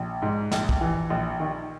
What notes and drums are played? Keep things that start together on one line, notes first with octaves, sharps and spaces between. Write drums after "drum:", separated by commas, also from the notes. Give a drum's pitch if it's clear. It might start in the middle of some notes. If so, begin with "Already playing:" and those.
Already playing: A#1
G#2
A#1, drum: snare
drum: kick
E3
A#1
D#3